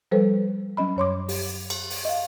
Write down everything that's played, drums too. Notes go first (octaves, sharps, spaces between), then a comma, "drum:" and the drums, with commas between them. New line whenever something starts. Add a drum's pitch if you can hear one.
F3 G3 A4 B4 C5
F#3 C#4 D#5 B5
F#2 C#5 C6 D6
G4, drum: open hi-hat
drum: cymbal
drum: open hi-hat
D#5 F5